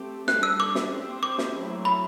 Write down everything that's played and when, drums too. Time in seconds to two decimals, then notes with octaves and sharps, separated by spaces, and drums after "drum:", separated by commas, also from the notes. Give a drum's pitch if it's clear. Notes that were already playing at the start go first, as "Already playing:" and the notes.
Already playing: A3 C4 G4
0.27 G3 D4 A4 F#6, drum: snare
0.43 E6
0.60 D6
0.75 drum: snare
0.91 C4 G4 C5
1.23 D6
1.38 drum: snare
1.54 F#3 A3 C4 E4
1.85 B5